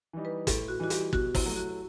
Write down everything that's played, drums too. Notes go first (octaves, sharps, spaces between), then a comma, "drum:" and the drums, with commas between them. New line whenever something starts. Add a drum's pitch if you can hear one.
E3 G3 D#4
B4
A2 A4, drum: kick, hi-hat
F#4
E3 G3 D#4 F#4
G4, drum: hi-hat
B2 F#4, drum: kick
E4, drum: kick, open hi-hat
F#3 A3
F#4